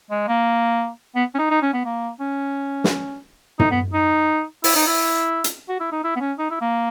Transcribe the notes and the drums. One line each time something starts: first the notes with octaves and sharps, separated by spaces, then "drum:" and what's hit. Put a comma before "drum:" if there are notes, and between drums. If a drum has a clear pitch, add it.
G#3
A#3
B3
C#4
D#4
D#4
C#4
B3
A#3
C#4
drum: snare
D#4, drum: tom
B3
D#4
E4, drum: open hi-hat
D#4
E4
drum: hi-hat
F#4
E4
D#4
E4
B3
C#4
D#4
E4
A#3